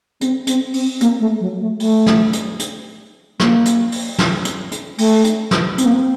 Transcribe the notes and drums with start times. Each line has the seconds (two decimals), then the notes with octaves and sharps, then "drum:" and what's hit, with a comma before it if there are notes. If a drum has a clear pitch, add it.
0.21 C4, drum: hi-hat
0.47 C4, drum: hi-hat
0.74 C4, drum: open hi-hat
1.01 A#3, drum: hi-hat
1.20 A3
1.40 F#3
1.61 A3
1.80 A3, drum: open hi-hat
2.06 drum: snare
2.33 drum: hi-hat
2.59 drum: hi-hat
3.40 A#3, drum: snare
3.65 drum: hi-hat
3.92 drum: open hi-hat
4.18 drum: snare
4.45 drum: hi-hat
4.71 drum: hi-hat
4.98 A3, drum: open hi-hat
5.25 drum: hi-hat
5.51 drum: snare
5.78 C4, drum: hi-hat
5.85 A#3
5.93 C4